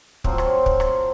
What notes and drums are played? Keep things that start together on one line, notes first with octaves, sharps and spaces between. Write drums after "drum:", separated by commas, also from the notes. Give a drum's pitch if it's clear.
F3 F#3 C4, drum: kick
drum: rim click
drum: kick
drum: rim click